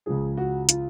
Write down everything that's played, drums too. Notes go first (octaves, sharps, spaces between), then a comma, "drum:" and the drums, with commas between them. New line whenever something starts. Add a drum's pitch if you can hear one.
C#2 C#3 F3 G#4
F#4
F4, drum: hi-hat